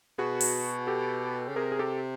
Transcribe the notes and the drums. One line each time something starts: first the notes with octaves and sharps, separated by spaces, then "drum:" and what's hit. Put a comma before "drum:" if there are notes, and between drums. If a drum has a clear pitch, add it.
B2 F#4 G#4
drum: open hi-hat
G4 A4
C#3
C3 G#4 A#4
G#4
G4 A4